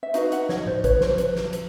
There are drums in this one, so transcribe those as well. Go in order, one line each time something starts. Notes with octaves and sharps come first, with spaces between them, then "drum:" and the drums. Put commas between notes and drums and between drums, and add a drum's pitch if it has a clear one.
E5
D#4 F#4 B4 D#5 F5, drum: hi-hat
E5 F#5, drum: hi-hat
C#5 D#5, drum: snare
C5 D5, drum: tom A2
B4 C#5, drum: kick A1, hi-hat
C5, drum: snare
B4, drum: hi-hat
drum: snare
drum: hi-hat